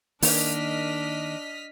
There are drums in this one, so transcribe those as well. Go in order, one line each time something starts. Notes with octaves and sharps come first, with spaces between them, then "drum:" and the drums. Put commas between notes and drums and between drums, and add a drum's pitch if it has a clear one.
D#3 A#3 D4 D#5 F6 B6, drum: open hi-hat